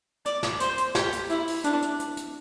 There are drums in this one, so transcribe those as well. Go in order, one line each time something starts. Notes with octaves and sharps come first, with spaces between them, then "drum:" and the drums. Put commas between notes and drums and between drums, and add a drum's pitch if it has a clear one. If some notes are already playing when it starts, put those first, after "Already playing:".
D5, drum: hi-hat
drum: snare
C5, drum: hi-hat
drum: hi-hat
G4, drum: snare
drum: hi-hat
E4, drum: hi-hat
drum: open hi-hat
D4, drum: hi-hat
drum: hi-hat
drum: hi-hat
drum: hi-hat